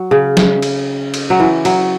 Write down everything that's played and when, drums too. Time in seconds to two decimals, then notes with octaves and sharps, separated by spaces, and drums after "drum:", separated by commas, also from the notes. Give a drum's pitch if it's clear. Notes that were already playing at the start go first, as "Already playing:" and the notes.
Already playing: F#3
0.11 C#3
0.37 drum: snare
0.62 drum: cymbal
1.14 drum: cymbal
1.30 F#3
1.40 E3
1.65 F#3, drum: cymbal